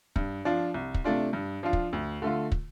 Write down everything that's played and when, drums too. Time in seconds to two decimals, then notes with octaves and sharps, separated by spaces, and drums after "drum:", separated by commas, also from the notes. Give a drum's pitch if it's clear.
0.16 G2, drum: kick
0.45 F3 D4 F4
0.74 C2
0.94 drum: kick
1.04 C3 A3 D4 F4
1.33 G2
1.63 F3 D4 F4
1.73 drum: kick
1.93 D2
2.22 D3 A3 F4
2.52 drum: kick